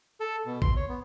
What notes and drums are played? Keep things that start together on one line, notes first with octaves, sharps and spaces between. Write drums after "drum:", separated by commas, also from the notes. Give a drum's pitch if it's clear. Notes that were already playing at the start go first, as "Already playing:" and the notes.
A4
B2
C6, drum: kick A1
C#5
B3